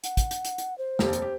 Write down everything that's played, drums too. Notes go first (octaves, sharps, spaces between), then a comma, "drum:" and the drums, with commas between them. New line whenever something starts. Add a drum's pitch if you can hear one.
F#5, drum: hi-hat
drum: kick, hi-hat
drum: hi-hat
drum: hi-hat
drum: hi-hat
C5
F1 D#2 G4, drum: snare
drum: hi-hat
G4